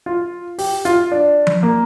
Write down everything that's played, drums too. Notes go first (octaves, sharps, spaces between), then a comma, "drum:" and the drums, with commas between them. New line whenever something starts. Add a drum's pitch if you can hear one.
F4
G4, drum: open hi-hat
F4, drum: hi-hat
D4
drum: tom F3
A#3